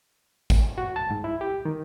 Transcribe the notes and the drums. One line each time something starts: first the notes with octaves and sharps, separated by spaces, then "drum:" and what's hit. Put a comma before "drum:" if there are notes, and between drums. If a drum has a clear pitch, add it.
drum: kick G#1, tambourine
F#4
A5
G#2
E4
G4
D#3